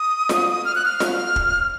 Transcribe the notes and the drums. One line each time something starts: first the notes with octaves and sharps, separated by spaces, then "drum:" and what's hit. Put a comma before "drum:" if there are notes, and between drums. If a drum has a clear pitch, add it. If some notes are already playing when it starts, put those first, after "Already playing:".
Already playing: D#6
drum: snare F4
F6
F#6
F6
drum: snare F4
drum: kick